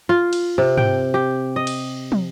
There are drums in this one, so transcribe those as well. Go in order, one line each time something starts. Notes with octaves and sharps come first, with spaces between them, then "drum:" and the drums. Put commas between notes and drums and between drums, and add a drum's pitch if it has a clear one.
F4
drum: cymbal
C3
G5, drum: tom
G4
D#5
drum: cymbal
drum: tom